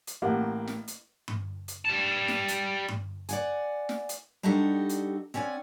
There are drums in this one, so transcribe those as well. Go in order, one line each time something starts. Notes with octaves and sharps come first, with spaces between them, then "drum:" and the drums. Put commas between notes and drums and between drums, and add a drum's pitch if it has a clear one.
drum: hi-hat
A1 A#3 G4 F#5
drum: snare
drum: hi-hat
drum: tom G2
drum: hi-hat
G3 A5
drum: snare
drum: hi-hat
drum: tom G2
D5 F#5 G#5, drum: hi-hat
drum: snare
drum: hi-hat
G3 D4 D#4 F#4 G4 A4
drum: hi-hat
C4 C#4 D5 F#5 G#5